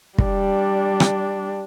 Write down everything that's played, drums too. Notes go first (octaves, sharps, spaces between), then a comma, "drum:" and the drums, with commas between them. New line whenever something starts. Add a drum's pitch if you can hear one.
G3 D4, drum: kick
drum: rim click